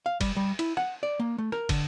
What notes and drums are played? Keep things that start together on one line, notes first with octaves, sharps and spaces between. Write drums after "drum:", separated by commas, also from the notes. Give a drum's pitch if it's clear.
F5
G3, drum: kick, cymbal
G3
E4, drum: cymbal
F#5, drum: rim click
D5
A#3
A3
A#4, drum: rim click
D3, drum: kick, cymbal